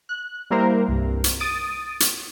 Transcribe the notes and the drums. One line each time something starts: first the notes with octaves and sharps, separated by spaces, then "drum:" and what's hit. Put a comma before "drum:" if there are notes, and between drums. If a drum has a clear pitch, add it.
F#6
G3 A#3 E4 A#4 C5
C2 G2
drum: hi-hat
D#6 A6 D7 D#7
drum: hi-hat